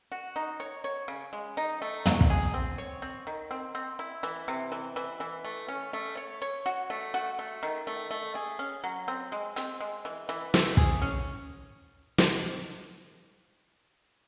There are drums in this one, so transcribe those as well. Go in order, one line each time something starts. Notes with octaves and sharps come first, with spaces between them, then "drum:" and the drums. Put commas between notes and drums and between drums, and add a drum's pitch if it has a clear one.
F#4
D#4
C#5
C#5
C#3
G#3
D#4
A3
F#3, drum: tom
drum: kick
G#4
C4
C#5
C4
D#3
C4
C4
E4
E3
C3
E3
E3
E3
A3
C#4
A3
C#5
C#5
F#4
A3
F#4
A3
D#3
A3
A3
G#4
C#4
F#3
C4
G#3
C4, drum: hi-hat
G#3
E3
E3
A3, drum: snare
G#4, drum: kick
C#4
drum: snare